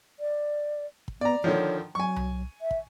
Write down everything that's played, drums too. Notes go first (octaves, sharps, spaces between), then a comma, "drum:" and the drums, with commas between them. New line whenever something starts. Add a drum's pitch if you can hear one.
D5
drum: kick
B3 D5 A#5
D3 D#3 F3 C#5
F#3 G#5 C#6
drum: tom C2
E5
drum: kick